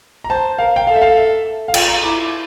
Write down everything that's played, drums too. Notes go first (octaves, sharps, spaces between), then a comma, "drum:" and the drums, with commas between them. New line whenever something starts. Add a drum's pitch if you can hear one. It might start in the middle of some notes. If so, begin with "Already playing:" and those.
A#5
C5 A5
A#4 F5
G5
A4 F5
E5
F5
E5
F5
F4 G5, drum: cymbal
A#5
E4 D6